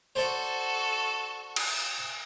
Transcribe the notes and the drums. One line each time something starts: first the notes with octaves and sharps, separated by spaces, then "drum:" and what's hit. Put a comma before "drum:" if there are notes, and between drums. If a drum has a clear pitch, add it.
F#4 A4 C5 D5
drum: cymbal